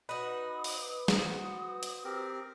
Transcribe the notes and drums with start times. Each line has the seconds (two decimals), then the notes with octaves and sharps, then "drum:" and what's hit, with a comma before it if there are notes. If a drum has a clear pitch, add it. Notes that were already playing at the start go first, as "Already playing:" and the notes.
0.09 D#4 F#4 B4 D#6
0.64 drum: open hi-hat
1.08 F#4 C5 D#6, drum: snare
1.83 drum: hi-hat
2.04 C4 G4 A#4